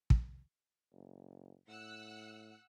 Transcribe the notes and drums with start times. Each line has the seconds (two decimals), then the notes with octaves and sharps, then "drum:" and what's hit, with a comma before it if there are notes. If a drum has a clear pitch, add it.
0.10 drum: kick
0.93 F#1
1.68 A2 F#5 E6 F#6